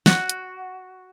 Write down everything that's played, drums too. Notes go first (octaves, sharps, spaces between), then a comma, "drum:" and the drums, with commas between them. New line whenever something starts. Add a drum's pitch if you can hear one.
F#4, drum: snare
drum: hi-hat